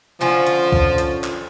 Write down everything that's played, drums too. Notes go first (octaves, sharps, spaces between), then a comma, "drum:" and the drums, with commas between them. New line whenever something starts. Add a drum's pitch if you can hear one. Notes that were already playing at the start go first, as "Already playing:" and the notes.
D3 F3 C#4 F4
drum: hi-hat
drum: kick B1
drum: hi-hat
drum: clap